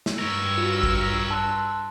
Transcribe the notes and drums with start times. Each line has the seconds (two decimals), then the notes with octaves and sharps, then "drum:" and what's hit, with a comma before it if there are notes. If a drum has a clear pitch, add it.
0.06 drum: snare
0.18 G2 A#4 C#5 E6
0.58 F4 F#4
0.83 drum: kick A1
1.31 A5 C6 F#6